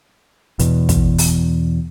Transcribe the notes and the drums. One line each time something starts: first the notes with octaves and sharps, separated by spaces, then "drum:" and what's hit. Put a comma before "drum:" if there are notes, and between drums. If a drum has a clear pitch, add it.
E2 B2, drum: hi-hat
drum: kick, hi-hat
drum: open hi-hat